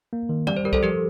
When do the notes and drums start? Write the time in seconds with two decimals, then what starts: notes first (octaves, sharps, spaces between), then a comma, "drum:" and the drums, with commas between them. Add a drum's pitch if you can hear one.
0.13 A#3
0.29 D#3
0.47 G3 D5, drum: tom D#3
0.57 C5
0.65 G3 A#4
0.73 A4 C5, drum: kick B1
0.83 F3 G4 A#4